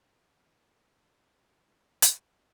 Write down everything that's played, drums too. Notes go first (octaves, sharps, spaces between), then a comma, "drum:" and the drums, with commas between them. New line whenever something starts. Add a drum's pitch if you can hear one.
G2 C5
G4
D#3 G#4
G2 G#4
A#4
A4
D#3
G#4
A4
F2 G#4
C#3 E3
G#4
G4
drum: hi-hat